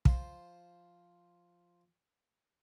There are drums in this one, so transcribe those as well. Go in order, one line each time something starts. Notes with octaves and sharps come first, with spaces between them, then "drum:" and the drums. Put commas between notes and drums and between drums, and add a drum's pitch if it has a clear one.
F3 C5, drum: kick